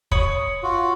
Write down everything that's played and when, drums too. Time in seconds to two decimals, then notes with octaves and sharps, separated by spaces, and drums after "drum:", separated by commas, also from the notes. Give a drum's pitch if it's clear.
0.11 C#5 B5 D#6, drum: kick
0.63 F4 F#4